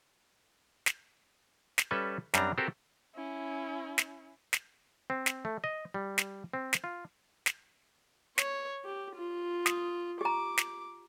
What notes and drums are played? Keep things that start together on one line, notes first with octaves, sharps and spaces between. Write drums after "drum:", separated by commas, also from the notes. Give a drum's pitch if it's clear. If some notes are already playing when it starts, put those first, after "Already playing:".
drum: snare
drum: snare
G3 C#4 A4 B4 E5
F#2 G3 C4 D4 A#5, drum: snare
C4 F#4 G4 A4 A#4 C5
C#4 E4
drum: snare
drum: snare
C4
drum: snare
A3
D#5
G3
drum: snare
C4
drum: snare
F4
drum: snare
C#5, drum: snare
G4
F4
D#6, drum: snare
G4 A#5 D6
drum: snare